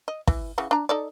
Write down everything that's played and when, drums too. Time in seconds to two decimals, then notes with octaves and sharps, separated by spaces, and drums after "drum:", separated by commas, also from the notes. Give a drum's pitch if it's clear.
0.08 D#5
0.27 E3, drum: kick
0.58 C#3 E3 F#5
0.71 D4 A#5
0.89 D#4 A4 D5